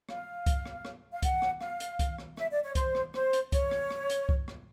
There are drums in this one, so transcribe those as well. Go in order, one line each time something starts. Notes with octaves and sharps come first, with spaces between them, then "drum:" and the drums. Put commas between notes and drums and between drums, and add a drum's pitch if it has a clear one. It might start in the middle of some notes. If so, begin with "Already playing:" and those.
F5, drum: rim click
drum: kick C2, hi-hat
drum: rim click
drum: rim click
F5
F#5, drum: kick C2, hi-hat
drum: rim click
F5, drum: rim click
drum: hi-hat
drum: kick C2, hi-hat
drum: rim click
E5, drum: rim click
D5
C#5
C5, drum: kick C2, hi-hat
drum: rim click
C5, drum: rim click
drum: hi-hat
C#5, drum: kick C2, hi-hat
drum: rim click
drum: rim click
drum: hi-hat
drum: kick C2
drum: rim click